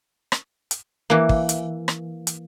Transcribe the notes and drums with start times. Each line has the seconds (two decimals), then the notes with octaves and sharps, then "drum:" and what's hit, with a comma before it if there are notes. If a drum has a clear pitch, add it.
0.32 drum: rim click
0.71 drum: hi-hat
1.10 E3 A#3
1.29 drum: kick
1.49 drum: hi-hat
1.88 drum: rim click
2.27 drum: hi-hat